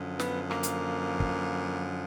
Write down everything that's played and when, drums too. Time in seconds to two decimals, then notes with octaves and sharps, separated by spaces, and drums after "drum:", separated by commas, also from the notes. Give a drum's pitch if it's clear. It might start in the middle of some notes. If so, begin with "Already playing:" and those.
Already playing: F#2 D3 F3
0.20 B3, drum: snare
0.51 A#3, drum: rim click
0.63 drum: hi-hat
1.20 drum: kick